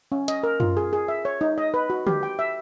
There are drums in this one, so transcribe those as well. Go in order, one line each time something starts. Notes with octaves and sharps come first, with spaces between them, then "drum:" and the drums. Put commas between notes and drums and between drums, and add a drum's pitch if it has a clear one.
C#4
D#5, drum: hi-hat
A#4
F4, drum: tom F#2
G#4
G#4
E5
C#5
D#4
D#5
B4
F#4
G4, drum: tom D3
G5
E5